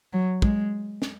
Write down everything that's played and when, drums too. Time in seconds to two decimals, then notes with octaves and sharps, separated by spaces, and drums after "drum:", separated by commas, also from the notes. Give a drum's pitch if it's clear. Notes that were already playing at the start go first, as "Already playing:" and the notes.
0.13 F#3
0.42 G#3, drum: kick
1.02 drum: snare